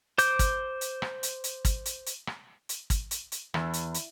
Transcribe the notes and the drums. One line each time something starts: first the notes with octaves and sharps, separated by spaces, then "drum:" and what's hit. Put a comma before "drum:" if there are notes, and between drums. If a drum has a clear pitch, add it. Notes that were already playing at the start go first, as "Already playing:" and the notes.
C5 D6 G6, drum: hi-hat
drum: kick, hi-hat
drum: hi-hat
drum: rim click
drum: hi-hat
drum: hi-hat
drum: kick, hi-hat
drum: hi-hat
drum: hi-hat
drum: rim click
drum: hi-hat
drum: kick, hi-hat
drum: hi-hat
drum: hi-hat
E2, drum: rim click
drum: hi-hat
drum: hi-hat